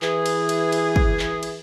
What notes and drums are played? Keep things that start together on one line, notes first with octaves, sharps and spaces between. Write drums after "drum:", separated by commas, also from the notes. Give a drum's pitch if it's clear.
E3 G#4, drum: clap
drum: cymbal
drum: cymbal
drum: cymbal
drum: kick
drum: clap
drum: cymbal